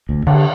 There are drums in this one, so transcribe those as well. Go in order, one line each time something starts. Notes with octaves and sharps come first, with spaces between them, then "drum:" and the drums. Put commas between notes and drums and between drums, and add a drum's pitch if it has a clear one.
D2
D3, drum: cymbal